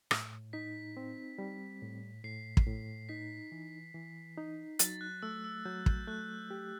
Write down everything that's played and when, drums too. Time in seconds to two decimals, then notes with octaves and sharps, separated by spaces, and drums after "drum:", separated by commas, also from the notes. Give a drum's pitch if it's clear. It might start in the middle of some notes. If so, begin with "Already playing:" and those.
0.11 A2, drum: rim click
0.53 D#4 B6
0.97 C4
1.38 G3
1.82 A2
2.24 A2 C7
2.57 drum: kick
2.67 A2
3.09 D#4 B6
3.52 E3
3.94 E3
4.38 D#4
4.79 F#3 A6, drum: hi-hat
5.01 F#6
5.22 A3 E6
5.44 E6
5.65 F#3 G6
5.86 G6, drum: kick
6.07 A3 F#6
6.51 G4